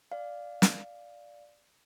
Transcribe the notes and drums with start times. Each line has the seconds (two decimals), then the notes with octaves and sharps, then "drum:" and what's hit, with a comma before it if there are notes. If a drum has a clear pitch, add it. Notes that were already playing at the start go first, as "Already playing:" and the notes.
0.12 D5 F5
0.62 drum: snare